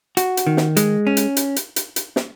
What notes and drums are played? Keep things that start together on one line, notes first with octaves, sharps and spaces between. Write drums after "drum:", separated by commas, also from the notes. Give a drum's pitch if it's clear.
F#4, drum: hi-hat
drum: hi-hat
D#3
drum: snare
G#3, drum: hi-hat
C#4
drum: hi-hat
drum: hi-hat
drum: hi-hat
drum: hi-hat
drum: hi-hat
drum: snare